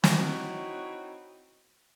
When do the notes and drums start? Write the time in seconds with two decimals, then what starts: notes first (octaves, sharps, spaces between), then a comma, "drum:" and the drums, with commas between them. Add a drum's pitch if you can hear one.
0.04 C4 D#4 E4 F#4 C#5, drum: snare